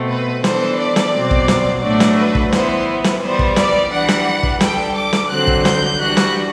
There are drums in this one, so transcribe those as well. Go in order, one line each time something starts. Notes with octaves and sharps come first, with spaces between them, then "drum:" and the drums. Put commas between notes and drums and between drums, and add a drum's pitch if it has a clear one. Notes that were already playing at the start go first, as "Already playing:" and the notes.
Already playing: B2 A3 C4
B4
E3 B3 D4 A4 C5, drum: snare
D5
drum: snare
B2 F#3 C4
drum: kick
drum: snare
A2 F#3 A3 D4 F#4 D5
drum: snare
B4
drum: kick
E3 B3 E4 C5, drum: snare
drum: snare
E3 G3 B3 C5
drum: kick
D5, drum: snare
E3 G3 D4 F#5
drum: snare
drum: kick
G3 D4 A4 G5, drum: snare
D6
drum: snare
D3 F#3 C4 F#6
drum: kick
G6, drum: snare
E3 G3 D4 F#4 F#6
drum: snare